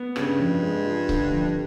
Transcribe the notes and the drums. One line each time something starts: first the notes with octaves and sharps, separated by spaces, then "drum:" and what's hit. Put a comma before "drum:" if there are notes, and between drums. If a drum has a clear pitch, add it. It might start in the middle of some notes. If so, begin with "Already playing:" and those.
Already playing: B3
G2 C#3, drum: rim click
F2
G#3
F3
D3, drum: kick C#1
F2